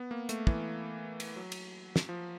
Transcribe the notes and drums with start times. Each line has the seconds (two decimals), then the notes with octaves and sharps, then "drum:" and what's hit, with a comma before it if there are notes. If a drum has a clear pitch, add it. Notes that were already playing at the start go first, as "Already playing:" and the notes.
Already playing: B3
0.11 A#3
0.29 A3, drum: hi-hat
0.47 E3, drum: kick
1.20 drum: cymbal
1.36 F#3
1.52 drum: cymbal
1.96 drum: snare
2.09 F3